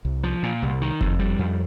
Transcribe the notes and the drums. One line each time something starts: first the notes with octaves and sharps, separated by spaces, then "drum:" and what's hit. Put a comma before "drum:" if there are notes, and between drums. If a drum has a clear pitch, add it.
C2
F3
A#2
C2
D#3
F2, drum: kick F#1
G3
F2